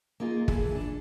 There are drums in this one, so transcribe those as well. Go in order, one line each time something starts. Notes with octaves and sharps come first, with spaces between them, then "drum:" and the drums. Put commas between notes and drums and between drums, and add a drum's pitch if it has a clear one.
A#3 D#4 F4 G#4 A#4
E3 E4 G#4 A4, drum: kick G1
D4